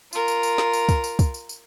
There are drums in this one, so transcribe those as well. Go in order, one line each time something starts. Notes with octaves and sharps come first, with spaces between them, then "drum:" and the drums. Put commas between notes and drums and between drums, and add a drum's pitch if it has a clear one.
F4 A#4, drum: tambourine
drum: tambourine
drum: tambourine
drum: snare
drum: tambourine
drum: kick, tambourine
drum: tambourine
drum: kick, tambourine
drum: tambourine
drum: tambourine